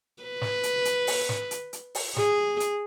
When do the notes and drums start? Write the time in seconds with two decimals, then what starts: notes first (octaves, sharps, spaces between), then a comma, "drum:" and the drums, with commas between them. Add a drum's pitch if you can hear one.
0.23 B4
0.42 drum: snare
0.63 drum: hi-hat
0.85 drum: hi-hat
1.07 drum: open hi-hat
1.29 drum: snare
1.51 drum: hi-hat
1.73 drum: hi-hat
1.95 drum: open hi-hat
2.16 G#4, drum: snare
2.60 drum: hi-hat